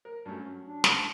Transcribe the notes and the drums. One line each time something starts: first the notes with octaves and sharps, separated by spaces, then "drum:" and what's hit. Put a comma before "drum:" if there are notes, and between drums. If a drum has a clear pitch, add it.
A#4
G2 F#3 A3 C#4
F#3
D4
drum: snare